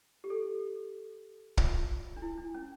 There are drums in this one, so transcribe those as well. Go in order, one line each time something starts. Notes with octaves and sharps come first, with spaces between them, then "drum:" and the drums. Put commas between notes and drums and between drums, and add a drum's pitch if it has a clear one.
G4
A4
F4, drum: kick
D4
E4
D4
C#4